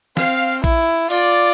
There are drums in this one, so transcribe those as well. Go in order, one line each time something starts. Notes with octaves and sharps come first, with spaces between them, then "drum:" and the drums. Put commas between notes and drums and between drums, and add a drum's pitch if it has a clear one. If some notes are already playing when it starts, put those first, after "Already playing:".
C4 F5, drum: snare
E4, drum: kick A#1, hi-hat
F4 D5, drum: open hi-hat